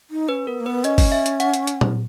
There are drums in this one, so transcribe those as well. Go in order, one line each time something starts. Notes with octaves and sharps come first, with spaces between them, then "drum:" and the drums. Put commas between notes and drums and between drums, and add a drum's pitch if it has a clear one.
D#4
C#4 B4
B3 A#4
A#3
B3 B4
C#4 D#5, drum: hi-hat
drum: kick G1, open hi-hat
E5
drum: hi-hat
F#5, drum: hi-hat
drum: hi-hat
drum: hi-hat
drum: tom